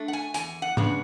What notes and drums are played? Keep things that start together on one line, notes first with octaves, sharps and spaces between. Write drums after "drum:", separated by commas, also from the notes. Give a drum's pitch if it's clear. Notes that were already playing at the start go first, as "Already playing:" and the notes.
Already playing: A3 D4
F#5
G#5
E2 G#5, drum: hi-hat
F#5
C#3 G#3 B3 D4, drum: tom G#2